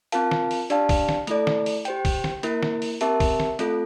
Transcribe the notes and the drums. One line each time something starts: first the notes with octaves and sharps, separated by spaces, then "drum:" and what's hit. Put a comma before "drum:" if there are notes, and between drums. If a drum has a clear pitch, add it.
C4 F4 A#4 F5 A5, drum: hi-hat
drum: snare
drum: open hi-hat
D4 G4 D5 F5 A5, drum: hi-hat
drum: kick, open hi-hat
drum: snare
A3 E4 A4 D5, drum: hi-hat
drum: snare
drum: open hi-hat
G4 C5 G5, drum: hi-hat
drum: kick, open hi-hat
drum: snare
A#3 E4 A#4, drum: hi-hat
drum: snare
drum: open hi-hat
C4 G4 A#4 E5 A5, drum: hi-hat
drum: kick, open hi-hat
drum: snare
A3 C4 F4 A4, drum: hi-hat